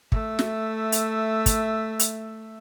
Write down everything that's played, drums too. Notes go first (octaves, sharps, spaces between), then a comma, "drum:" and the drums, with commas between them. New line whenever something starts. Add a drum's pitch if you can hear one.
A3 E5, drum: kick
drum: snare
drum: hi-hat
drum: kick, hi-hat
drum: hi-hat